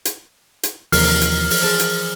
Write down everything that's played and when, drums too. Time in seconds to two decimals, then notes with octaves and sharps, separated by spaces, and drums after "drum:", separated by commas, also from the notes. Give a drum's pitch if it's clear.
0.05 drum: hi-hat
0.63 drum: hi-hat
0.92 D#2 C3 E3 F3 A#4 F6 C7, drum: open hi-hat
1.21 drum: hi-hat
1.50 drum: open hi-hat
1.63 G#4 C5 A5
1.79 drum: hi-hat